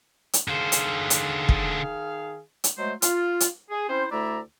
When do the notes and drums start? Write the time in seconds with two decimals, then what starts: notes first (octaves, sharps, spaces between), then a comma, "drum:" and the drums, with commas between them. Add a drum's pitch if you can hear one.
0.33 drum: hi-hat
0.48 D3 D#3 G#4 C5 F5
0.72 drum: hi-hat
1.10 drum: hi-hat
1.49 drum: kick
2.64 drum: hi-hat
2.78 F#3 G#3 A3 C5
3.02 F4, drum: hi-hat
3.40 drum: hi-hat
3.70 G#4
3.89 C4 C#4 E4 C5
4.11 D2 A3 E4 D5 E5 A#5